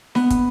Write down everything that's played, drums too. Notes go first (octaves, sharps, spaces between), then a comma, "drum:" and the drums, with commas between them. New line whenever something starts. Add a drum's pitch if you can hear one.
B3, drum: snare D4
drum: kick, hi-hat